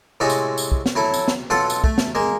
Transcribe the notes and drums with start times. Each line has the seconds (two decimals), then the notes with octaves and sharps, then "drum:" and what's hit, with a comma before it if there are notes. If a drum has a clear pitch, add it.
0.20 A2 C3 G#3 F#4 D#5
0.30 drum: tambourine
0.58 drum: tambourine
0.72 drum: kick
0.86 drum: snare
0.96 F#3 E4 A4
1.14 drum: tambourine
1.28 drum: snare
1.50 B1 F4 A4 F#5 A5 C6
1.70 drum: tambourine
1.84 A3, drum: kick
1.98 drum: snare
2.15 G#3 A#3